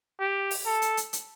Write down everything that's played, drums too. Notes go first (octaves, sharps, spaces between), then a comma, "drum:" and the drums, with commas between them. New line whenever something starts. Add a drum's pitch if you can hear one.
G4
drum: open hi-hat
A4
drum: hi-hat
drum: hi-hat
drum: hi-hat